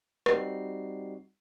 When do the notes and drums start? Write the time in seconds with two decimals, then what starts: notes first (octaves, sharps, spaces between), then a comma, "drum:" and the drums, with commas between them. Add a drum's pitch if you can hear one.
0.26 G3 C4 D#4 F#4 C7, drum: rim click